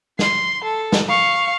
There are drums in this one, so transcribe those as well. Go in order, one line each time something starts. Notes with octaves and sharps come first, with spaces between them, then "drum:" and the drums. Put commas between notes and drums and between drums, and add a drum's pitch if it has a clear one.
C6, drum: snare
A4
drum: snare
F5 C#6